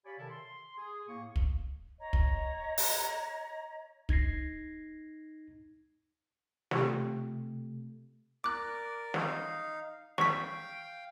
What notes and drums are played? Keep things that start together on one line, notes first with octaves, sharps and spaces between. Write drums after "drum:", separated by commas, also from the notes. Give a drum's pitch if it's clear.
G4 C#5 D5 F5 G#5 B5
C3 D#3 E4 A4
C6
G#4
A2 A#3 C#6 D#6
drum: kick
C#5 D#5 A#5
drum: kick
drum: open hi-hat
D#4 G#6 A#6 C7, drum: kick
C3 A3 F4 G4 G5, drum: snare
A#4 D5 D6 F#6
D#4 F5, drum: snare
F5 G5 C#6 B6, drum: snare